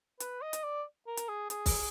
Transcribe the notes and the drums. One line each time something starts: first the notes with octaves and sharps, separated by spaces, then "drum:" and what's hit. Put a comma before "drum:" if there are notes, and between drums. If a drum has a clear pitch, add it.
B4, drum: hi-hat
D#5
drum: hi-hat
D5
A#4
drum: hi-hat
G#4
G#4, drum: hi-hat
drum: kick, open hi-hat